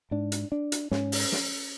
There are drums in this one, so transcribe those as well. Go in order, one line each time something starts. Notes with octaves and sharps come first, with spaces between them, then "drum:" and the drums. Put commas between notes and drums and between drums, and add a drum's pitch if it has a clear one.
G#2 D4
drum: hi-hat
D4
drum: hi-hat
G#2 C#4, drum: snare
drum: open hi-hat
drum: snare